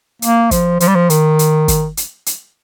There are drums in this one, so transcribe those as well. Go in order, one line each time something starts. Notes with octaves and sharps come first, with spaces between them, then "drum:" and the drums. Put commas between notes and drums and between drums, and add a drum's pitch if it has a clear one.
A#3, drum: hi-hat
F3, drum: kick, hi-hat
F3, drum: hi-hat
G3
F3
D#3, drum: hi-hat
drum: hi-hat
drum: kick, hi-hat
drum: hi-hat
drum: hi-hat